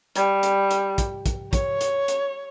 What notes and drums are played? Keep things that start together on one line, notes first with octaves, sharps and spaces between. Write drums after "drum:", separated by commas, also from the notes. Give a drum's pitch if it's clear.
G3, drum: hi-hat
drum: hi-hat
drum: hi-hat
drum: kick, hi-hat
drum: kick, hi-hat
C#5, drum: kick, hi-hat
drum: hi-hat
drum: hi-hat